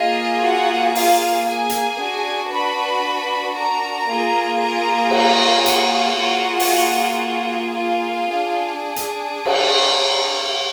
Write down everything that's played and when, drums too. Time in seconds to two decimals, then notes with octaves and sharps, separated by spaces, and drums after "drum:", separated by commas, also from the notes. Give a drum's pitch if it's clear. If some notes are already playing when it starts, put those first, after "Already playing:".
Already playing: A#3 F4 G#4 D#5
0.42 F#4 F#5
0.95 F4 F5, drum: open hi-hat
1.47 G#4 G#5
1.70 drum: hi-hat
1.99 D4 F#4
2.51 B4 B5
3.56 A#4 A#5
4.08 A#3 F4 G#4
4.61 A#4 A#5
5.10 drum: cymbal
5.66 F#4 F#5, drum: hi-hat
6.18 A#3 F4 G#4
6.60 drum: open hi-hat
7.75 F4 F5
8.28 D4 G#4
8.96 drum: hi-hat
9.46 drum: cymbal